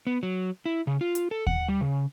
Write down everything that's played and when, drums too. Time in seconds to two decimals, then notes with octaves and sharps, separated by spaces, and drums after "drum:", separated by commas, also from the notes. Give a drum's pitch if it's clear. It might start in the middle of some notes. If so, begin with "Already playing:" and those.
0.07 B3
0.23 F#3
0.66 E4
0.87 C#3
1.01 F4
1.15 drum: hi-hat
1.31 A4
1.47 F#5, drum: kick D#2
1.68 G3
1.81 C#3